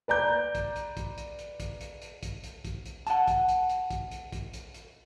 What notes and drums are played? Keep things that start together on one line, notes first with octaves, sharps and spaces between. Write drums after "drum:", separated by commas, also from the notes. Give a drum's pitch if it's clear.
B4 D5 A#5 G6
drum: kick, hi-hat
drum: hi-hat
drum: kick, hi-hat
drum: hi-hat
drum: hi-hat
drum: kick, hi-hat
drum: hi-hat
drum: hi-hat
drum: kick, hi-hat
drum: hi-hat
drum: kick, hi-hat
drum: hi-hat
F#5 A5, drum: hi-hat
drum: kick, hi-hat
drum: hi-hat
drum: hi-hat
drum: kick, hi-hat
drum: hi-hat
drum: kick, hi-hat
drum: hi-hat
drum: hi-hat